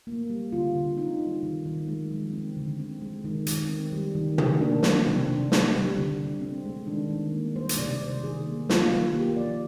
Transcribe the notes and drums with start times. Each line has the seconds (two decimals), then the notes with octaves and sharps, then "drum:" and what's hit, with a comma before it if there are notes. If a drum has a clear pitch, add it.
0.07 A#3
0.30 G3
0.52 D3 F4
0.75 D3
0.97 C4 D#4
1.20 G3
1.43 D#3
1.65 D#3
1.88 G#3
2.11 F3
2.33 C4
2.57 D3
2.79 C4
3.02 G#3
3.24 D#3
3.47 D#3, drum: hi-hat
3.69 C4
3.92 G3
4.15 D#3
4.38 D#3, drum: tom
4.60 A#3 D4
4.83 F3 C4, drum: snare
5.06 C3 C4
5.28 C3 D4
5.52 C4, drum: snare
5.74 G3
5.96 D3
6.19 D3
6.42 C4
6.65 G#3
6.87 D#3 D4
7.10 D#3
7.33 A#3
7.56 G3 C5
7.69 drum: hi-hat
7.78 C3 D5
8.01 C3 C5
8.24 D#3 G#4
8.46 A#3
8.69 A#3 F4, drum: snare
8.91 D#3
9.14 A#3 G4
9.37 F3 D5